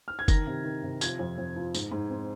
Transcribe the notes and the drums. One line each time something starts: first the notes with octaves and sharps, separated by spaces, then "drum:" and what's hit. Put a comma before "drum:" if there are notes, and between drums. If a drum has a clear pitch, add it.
F6
G#6
D#3 A#6, drum: kick F#1, tambourine
C3
D#3
C3
F3 G#6, drum: tambourine
F2
F2
F3
G#2, drum: tambourine
G#2
C4